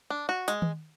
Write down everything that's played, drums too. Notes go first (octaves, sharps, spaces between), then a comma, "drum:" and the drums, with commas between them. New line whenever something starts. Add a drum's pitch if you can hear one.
D4
F#4
G#3, drum: hi-hat
drum: tom D#3